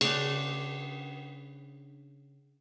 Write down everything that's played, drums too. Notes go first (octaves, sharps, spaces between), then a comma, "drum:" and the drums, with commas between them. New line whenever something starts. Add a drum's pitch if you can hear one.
C#3 D4, drum: cymbal